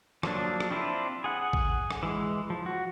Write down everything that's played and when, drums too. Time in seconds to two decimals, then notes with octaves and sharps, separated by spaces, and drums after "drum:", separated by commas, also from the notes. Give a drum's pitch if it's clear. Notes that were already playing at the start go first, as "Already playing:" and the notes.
0.23 F3 F#3 A#3 D4, drum: rim click
0.60 drum: rim click
0.71 C4 D4 E4 F4
1.24 G#4 F#5
1.53 drum: kick
1.91 drum: rim click
2.03 E3 G#3
2.50 F3
2.66 F#4